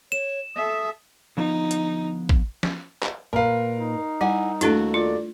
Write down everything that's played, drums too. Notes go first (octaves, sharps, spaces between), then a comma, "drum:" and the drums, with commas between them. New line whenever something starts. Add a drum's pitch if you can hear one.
C#5 E7
A4 E5 D#6
D3 F3 B3 D#4
drum: hi-hat
drum: kick A1
drum: snare
drum: clap
A#2 A#4 B4 F5
D#4
G3 E4 F#5 G#5
D#2 A3 D4 E4 F#4 A4, drum: hi-hat
F4 D5